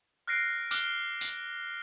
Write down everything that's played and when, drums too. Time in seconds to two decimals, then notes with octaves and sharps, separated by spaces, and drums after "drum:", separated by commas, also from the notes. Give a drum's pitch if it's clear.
0.27 F6 F#6 A#6 C7 D7
0.71 D6 F6 F#6 G7, drum: hi-hat
1.21 drum: hi-hat